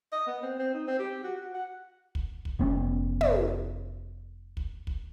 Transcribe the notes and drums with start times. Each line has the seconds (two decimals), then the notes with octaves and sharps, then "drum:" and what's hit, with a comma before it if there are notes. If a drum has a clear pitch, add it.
0.12 D#5
0.27 B3
0.42 C4
0.59 C4
0.74 D#4
0.88 C4
0.99 G4
1.24 F#4
1.37 F#4
1.54 F#5
2.15 drum: kick
2.45 drum: kick
2.59 F1 B3 C#4
3.21 drum: tom
4.57 drum: kick
4.87 drum: kick